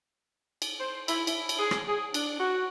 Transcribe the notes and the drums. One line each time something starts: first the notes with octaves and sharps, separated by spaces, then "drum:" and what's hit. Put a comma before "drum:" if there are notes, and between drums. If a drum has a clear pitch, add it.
drum: cymbal
C5
E4, drum: cymbal
E4, drum: cymbal
drum: cymbal
G#4
drum: rim click
G#4
D4, drum: cymbal
F#4